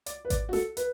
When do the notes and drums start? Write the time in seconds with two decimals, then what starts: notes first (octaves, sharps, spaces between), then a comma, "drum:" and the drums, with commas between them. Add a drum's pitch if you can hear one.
0.06 D5, drum: hi-hat
0.25 B4
0.30 D5, drum: kick G#1, hi-hat
0.49 F#4
0.53 A4, drum: snare
0.77 B4, drum: hi-hat